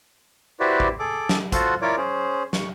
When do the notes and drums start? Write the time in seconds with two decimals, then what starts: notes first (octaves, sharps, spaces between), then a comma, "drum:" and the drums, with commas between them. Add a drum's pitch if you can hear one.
0.60 E4 F#4 G4 B4 C5 D5
0.80 drum: kick
0.99 G#4 A4 D6
1.29 drum: snare
1.52 F4 F#4 A4 C5 F#5, drum: kick, hi-hat
1.82 E4 F4 A#4 C#5 D5 D6
1.97 C#4 G#4 C5
2.53 C#6, drum: snare